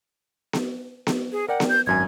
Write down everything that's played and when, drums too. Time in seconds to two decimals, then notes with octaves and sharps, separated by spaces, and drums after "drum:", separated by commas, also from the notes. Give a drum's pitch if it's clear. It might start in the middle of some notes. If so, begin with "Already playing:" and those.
0.53 drum: snare B3
1.07 drum: snare B3
1.32 G#4
1.48 A#4 D5 F#5 G5
1.60 drum: snare B3
1.69 G6
1.87 G#1 F#2 G#5 G#6